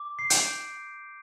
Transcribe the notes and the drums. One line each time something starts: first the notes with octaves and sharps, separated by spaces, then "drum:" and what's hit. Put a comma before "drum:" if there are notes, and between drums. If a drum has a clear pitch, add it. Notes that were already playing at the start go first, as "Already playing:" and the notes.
Already playing: D6
C7
G6 D7, drum: hi-hat